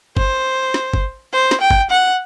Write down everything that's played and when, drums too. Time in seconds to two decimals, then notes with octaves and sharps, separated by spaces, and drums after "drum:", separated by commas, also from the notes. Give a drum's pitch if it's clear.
0.17 C5, drum: kick
0.74 drum: snare
0.94 drum: kick
1.33 C5
1.51 drum: snare
1.61 G5
1.70 drum: kick
1.90 F#5